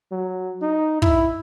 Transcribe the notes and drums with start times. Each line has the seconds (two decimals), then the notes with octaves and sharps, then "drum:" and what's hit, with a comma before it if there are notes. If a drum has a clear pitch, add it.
0.12 F#3
0.62 D#4
1.02 E4, drum: kick